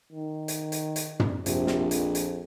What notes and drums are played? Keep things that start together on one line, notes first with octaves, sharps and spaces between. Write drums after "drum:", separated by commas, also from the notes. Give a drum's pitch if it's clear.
D#3
drum: hi-hat
drum: hi-hat
drum: hi-hat
drum: tom
A#1 C3, drum: hi-hat
drum: snare
F2, drum: hi-hat
drum: hi-hat